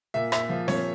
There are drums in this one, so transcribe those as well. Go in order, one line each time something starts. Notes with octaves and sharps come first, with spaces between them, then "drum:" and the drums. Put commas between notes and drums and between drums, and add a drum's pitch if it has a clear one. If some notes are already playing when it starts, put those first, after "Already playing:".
A#2 E5
E5, drum: rim click
F3
C#5, drum: snare C4